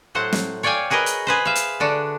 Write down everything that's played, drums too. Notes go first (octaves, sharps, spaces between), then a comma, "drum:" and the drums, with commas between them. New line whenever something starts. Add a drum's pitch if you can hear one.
A2 F#3 C5 F#5
drum: snare
C#5 D5 F5 G5 G#5
F#4 G#4 A#4 B4 D#5
drum: hi-hat
G#4 B4 C5
E5 F5
drum: hi-hat
D3 D4 F#4